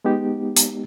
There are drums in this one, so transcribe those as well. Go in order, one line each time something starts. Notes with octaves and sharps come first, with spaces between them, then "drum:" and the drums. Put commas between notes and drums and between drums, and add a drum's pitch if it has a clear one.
G#3 B3 D#4 G4
drum: hi-hat